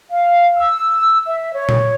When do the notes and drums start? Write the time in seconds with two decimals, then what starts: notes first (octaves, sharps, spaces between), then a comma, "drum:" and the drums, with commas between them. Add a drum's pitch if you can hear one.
0.10 F5
0.58 E6
1.26 E5
1.52 C#5
1.69 drum: tom A#2